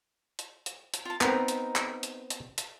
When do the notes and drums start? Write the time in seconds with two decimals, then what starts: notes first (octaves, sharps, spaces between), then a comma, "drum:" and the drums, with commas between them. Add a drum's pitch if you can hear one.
0.39 drum: hi-hat
0.66 drum: hi-hat
0.94 drum: hi-hat
1.05 F4 A5
1.21 B3 C4 D#4 A#4 A#5, drum: clap
1.48 drum: hi-hat
1.76 drum: clap
2.03 drum: hi-hat
2.30 drum: hi-hat
2.58 drum: hi-hat